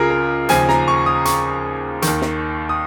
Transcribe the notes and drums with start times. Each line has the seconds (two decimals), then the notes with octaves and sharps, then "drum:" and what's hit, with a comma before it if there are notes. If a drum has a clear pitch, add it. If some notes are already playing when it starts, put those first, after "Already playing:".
Already playing: C#2 C#3 F4 G#4 A#4
0.10 A#4
0.49 D#2 C#3 F3 G#5, drum: hi-hat
0.69 A#5, drum: snare
0.88 C#6
1.06 D#6
1.25 C#6, drum: hi-hat
2.02 D#2 D#3, drum: hi-hat
2.21 drum: snare
2.69 D#6